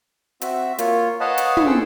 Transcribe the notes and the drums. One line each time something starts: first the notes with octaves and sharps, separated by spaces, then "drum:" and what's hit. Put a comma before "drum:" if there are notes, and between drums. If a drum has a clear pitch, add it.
C4 F#4 E5, drum: hi-hat
A#3 F4 C#5, drum: hi-hat
B4 C#5 D#5 F5 F#5 A5
drum: hi-hat
drum: tom
G#4 A4 C5 G5 E6